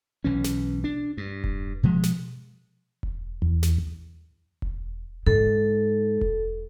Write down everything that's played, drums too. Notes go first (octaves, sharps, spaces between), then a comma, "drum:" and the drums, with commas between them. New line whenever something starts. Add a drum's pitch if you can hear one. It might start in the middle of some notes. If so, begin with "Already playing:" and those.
B1 E3 C#4
drum: snare
D4
G2
drum: kick E1
B2 F3 G#3
drum: snare
drum: kick E1
E2
drum: snare
drum: kick E1
G#2 A4
drum: kick E1